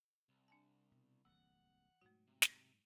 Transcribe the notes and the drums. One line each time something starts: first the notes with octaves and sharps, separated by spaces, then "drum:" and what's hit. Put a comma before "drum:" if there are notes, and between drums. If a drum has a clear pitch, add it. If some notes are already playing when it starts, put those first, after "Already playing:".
C2
D4 G#5 A5
B2
D1 C2 E3 A#3 F#5
G#2 B2 F#3 A3 F#4
C3
drum: snare